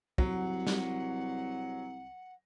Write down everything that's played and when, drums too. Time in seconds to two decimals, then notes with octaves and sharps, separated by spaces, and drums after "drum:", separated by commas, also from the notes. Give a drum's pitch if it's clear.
0.18 C2 F#3 F#5, drum: kick
0.67 drum: snare